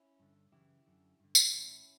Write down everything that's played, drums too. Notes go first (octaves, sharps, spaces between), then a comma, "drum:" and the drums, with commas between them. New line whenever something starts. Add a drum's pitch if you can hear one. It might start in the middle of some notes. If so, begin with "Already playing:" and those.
Already playing: C#4 E4
G2 D3
F#2 C#3 E3 E4 G4
F#2 D3
G2 D3
drum: tambourine
A2 E3 C#4 E4